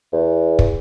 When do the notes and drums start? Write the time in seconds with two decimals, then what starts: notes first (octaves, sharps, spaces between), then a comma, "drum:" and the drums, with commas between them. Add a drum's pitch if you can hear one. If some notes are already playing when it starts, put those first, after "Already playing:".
0.13 E2
0.59 drum: kick